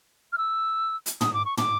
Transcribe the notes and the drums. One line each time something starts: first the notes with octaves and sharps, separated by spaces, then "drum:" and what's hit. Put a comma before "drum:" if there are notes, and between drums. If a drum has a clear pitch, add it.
F6
E6
drum: hi-hat
D#6, drum: tom
D6
C#6
D6, drum: tom